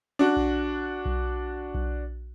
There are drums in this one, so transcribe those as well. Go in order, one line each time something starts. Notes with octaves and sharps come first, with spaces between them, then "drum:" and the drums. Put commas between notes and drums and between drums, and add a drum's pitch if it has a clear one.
D4 F#4
drum: kick B1
drum: kick B1
drum: kick B1